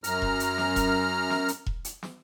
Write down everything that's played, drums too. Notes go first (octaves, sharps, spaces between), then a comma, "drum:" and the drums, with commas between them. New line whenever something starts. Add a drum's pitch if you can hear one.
F#2 A#5 F6, drum: hi-hat
drum: kick E1
drum: hi-hat
drum: snare
drum: kick E1, hi-hat
drum: snare
drum: hi-hat
drum: kick E1
drum: hi-hat
drum: snare